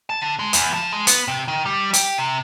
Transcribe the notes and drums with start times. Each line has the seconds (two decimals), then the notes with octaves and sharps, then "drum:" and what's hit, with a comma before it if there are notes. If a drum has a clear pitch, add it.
0.10 A5
0.21 D3
0.39 G#3
0.53 E2, drum: hi-hat
0.74 F3
0.92 G#3
1.07 B3, drum: hi-hat
1.28 C3
1.48 D#3
1.66 G3
1.94 G4, drum: hi-hat
2.18 C3